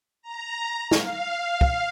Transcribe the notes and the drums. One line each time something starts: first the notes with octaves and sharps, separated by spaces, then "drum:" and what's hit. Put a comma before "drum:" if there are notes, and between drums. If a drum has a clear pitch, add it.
A#5
F5, drum: snare
drum: kick